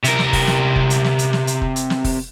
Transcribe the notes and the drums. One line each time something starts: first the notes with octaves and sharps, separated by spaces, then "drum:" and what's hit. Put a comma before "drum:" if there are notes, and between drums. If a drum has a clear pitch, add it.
C3 A#4, drum: hi-hat
drum: snare
drum: kick F1, open hi-hat
drum: snare
drum: kick F1
drum: hi-hat
drum: snare
drum: hi-hat
drum: snare
drum: hi-hat
drum: kick F1
drum: hi-hat
drum: snare
drum: kick F1, open hi-hat